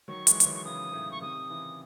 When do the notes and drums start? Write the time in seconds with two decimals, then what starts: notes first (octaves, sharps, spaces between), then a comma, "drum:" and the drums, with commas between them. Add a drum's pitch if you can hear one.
0.08 D#3 F#3 C#6
0.27 E3 G#3, drum: hi-hat
0.40 E3, drum: hi-hat
0.45 D#3 F#3
0.55 C#6
0.65 C#3 E3 D#6
0.93 A2 C#3
1.12 C#6
1.21 C3 D#3 D#6
1.50 C#3 E3